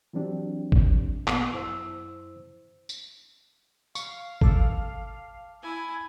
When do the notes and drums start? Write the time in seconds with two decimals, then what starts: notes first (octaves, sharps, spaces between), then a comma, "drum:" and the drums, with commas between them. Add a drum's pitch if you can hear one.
0.13 E3 F#3 C4 D4 G4
0.72 drum: kick G#1
1.27 A#2 B3 D6, drum: clap
1.53 F#2 E4 C5 E6
2.89 drum: tambourine
3.95 F5 C#6, drum: tambourine
4.41 A4 A5 D6, drum: kick G#1
5.62 E4 G#5